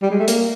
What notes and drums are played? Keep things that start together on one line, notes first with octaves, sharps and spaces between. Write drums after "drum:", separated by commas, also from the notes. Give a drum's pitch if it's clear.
G3
G#3
A3
A#3, drum: hi-hat